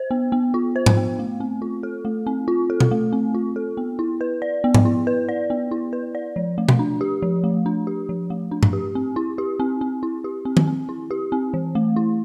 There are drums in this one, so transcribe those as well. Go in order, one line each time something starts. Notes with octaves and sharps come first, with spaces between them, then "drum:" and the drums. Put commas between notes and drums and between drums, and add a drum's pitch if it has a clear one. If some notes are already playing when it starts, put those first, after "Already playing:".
Already playing: C5
B3
B3
F4
C5
drum: tom G#2
B3
A3
C4
F4
A4
A3
C4
F4
A4
drum: tom B2
A3
C4
F4
A4
B3
E4
B4
D5
B3
drum: tom G#2
E4
B4
D5
B3
E4
B4
D5
F3
A3
drum: tom B2
D4
G4
F3
A3
D4
G4
F3
A3
D4
drum: tom G2
G4
C4
E4
G4
C4
C4
E4
G4
C4
drum: tom
C4
E4
G4
C4
E3
A3
E4